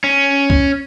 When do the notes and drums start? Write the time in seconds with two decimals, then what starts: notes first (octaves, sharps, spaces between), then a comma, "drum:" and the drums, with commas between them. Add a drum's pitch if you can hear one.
0.04 C#4
0.50 drum: kick